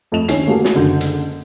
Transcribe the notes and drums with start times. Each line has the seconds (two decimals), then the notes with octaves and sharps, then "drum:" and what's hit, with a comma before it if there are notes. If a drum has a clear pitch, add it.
0.12 F2 A3 D#5 F7
0.28 D#2 D3 C#4 D#4 G#5 C7, drum: hi-hat
0.47 A3 A#3 F#4 G#4 A4
0.65 drum: snare
0.75 F#1 D3 G6
1.01 drum: hi-hat